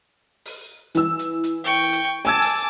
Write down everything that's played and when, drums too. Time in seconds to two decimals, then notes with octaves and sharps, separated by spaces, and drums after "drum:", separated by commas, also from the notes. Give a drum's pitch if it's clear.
0.46 drum: open hi-hat
0.95 E3 E6, drum: hi-hat
1.19 drum: hi-hat
1.44 drum: hi-hat
1.64 G5 C#6
1.93 drum: hi-hat
2.25 G#5 A5 D6 E6 G#6
2.42 drum: open hi-hat